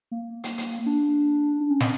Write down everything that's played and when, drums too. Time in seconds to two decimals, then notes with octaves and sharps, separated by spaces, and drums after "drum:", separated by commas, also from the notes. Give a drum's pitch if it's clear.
0.11 A#3
0.44 drum: hi-hat
0.58 drum: hi-hat
0.86 D4
1.60 D4
1.70 C#4
1.80 C4, drum: snare